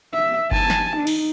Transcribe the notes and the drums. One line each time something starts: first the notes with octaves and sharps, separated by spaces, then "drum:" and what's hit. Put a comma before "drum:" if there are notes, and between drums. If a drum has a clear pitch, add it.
E5
G#5 A5, drum: kick F#1
drum: snare
D#4
drum: cymbal